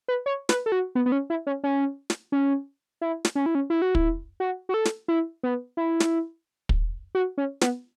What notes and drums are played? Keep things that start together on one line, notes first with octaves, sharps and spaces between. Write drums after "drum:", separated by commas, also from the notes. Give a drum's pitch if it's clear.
B4
C#5
B4, drum: snare
A4
F#4
B3
B3
C#4
E4
C#4
C#4
drum: snare
C#4
E4
drum: snare
C#4
E4
C#4
E4
F#4
E4, drum: kick
F#4
F#4
A4
drum: snare
E4
B3
E4
drum: snare
drum: kick
F#4
C#4
B3, drum: snare